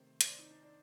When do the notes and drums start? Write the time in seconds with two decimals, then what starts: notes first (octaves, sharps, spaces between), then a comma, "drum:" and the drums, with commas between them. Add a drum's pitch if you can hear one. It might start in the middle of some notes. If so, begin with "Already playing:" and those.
Already playing: C3 D#3 A3 C5
0.21 C5, drum: hi-hat
0.26 D5
0.39 D#4
0.51 D4
0.63 D4